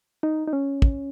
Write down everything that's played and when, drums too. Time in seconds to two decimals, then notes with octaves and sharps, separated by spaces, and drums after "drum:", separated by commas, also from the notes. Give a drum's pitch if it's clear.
0.23 D#4
0.47 D#4
0.53 C#4
0.82 drum: kick